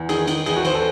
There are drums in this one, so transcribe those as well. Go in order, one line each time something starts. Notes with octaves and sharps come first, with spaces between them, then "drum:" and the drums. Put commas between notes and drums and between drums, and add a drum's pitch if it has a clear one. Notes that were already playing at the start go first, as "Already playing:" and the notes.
Already playing: E2
D#3 G#4, drum: cymbal
D#3, drum: cymbal
E2 G#4, drum: cymbal
F#4
E2 C5, drum: cymbal
A4